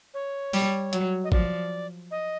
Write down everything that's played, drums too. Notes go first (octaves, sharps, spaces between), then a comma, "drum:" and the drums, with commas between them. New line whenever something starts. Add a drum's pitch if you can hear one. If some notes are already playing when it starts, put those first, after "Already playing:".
C#5
G3, drum: open hi-hat
F#3, drum: hi-hat
D#5
F3 D5, drum: kick
D#5